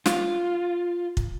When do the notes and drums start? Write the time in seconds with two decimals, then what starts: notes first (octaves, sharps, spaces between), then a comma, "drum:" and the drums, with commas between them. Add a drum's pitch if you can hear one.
0.06 F4, drum: snare
1.17 drum: kick